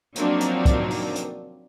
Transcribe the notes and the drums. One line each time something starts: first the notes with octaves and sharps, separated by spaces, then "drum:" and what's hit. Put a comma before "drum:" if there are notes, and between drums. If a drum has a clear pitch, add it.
F3 F#3 A#3 C4 D4 D#4, drum: hi-hat
drum: hi-hat
drum: kick, hi-hat
drum: open hi-hat
drum: hi-hat